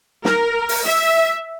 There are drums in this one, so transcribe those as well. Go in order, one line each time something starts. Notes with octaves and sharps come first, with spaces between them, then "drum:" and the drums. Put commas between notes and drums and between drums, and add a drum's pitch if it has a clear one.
A#4, drum: snare
drum: open hi-hat
E5